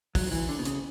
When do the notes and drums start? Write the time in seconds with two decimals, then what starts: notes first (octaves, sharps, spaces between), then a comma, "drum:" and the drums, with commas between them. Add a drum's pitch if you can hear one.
0.15 F#3, drum: kick, open hi-hat
0.31 E3
0.49 D3
0.59 B2
0.65 C#3, drum: hi-hat